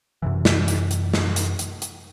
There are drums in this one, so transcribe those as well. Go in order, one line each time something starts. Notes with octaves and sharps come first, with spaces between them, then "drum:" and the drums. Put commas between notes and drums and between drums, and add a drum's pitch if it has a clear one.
F#2 C3 E3
drum: snare
drum: hi-hat
drum: hi-hat
drum: snare
drum: hi-hat
drum: hi-hat
drum: hi-hat